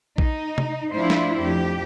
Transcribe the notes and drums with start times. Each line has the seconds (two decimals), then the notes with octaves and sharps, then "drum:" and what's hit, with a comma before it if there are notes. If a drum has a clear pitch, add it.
0.18 D#4, drum: kick A#1
0.58 drum: tom C3
0.94 F3 A3 D4 E4 F4 C5
1.10 drum: snare
1.40 F2 G4